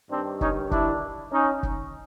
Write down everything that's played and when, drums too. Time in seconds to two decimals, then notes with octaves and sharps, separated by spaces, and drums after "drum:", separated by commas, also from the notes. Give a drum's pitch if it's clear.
0.11 G2 D#3 C4 D4
0.41 C#4 D#4, drum: kick
0.71 D4 E4, drum: kick
1.33 C#4 D#4
1.63 drum: kick